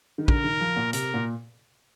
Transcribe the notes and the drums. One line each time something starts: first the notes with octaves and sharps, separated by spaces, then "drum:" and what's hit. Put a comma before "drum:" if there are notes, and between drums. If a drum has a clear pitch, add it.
D#3
D3 A#4, drum: kick
D#3
F3
A#2
C3 A#4, drum: hi-hat
A#2